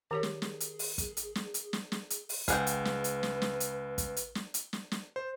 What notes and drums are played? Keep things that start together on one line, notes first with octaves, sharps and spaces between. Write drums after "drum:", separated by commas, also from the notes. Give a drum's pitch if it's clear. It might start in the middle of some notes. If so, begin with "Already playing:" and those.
D#3 G4 G#4 A#4 C#5
drum: snare
drum: snare
drum: hi-hat
drum: open hi-hat
drum: kick, hi-hat
drum: hi-hat
drum: snare
drum: hi-hat
drum: snare
drum: snare
drum: hi-hat
drum: open hi-hat
C#2 G#4 B4 F#5 G5 F6, drum: kick, hi-hat
drum: hi-hat
drum: snare
drum: hi-hat
drum: snare
drum: snare
drum: hi-hat
drum: kick, hi-hat
drum: hi-hat
drum: snare
drum: hi-hat
drum: snare
drum: snare
C5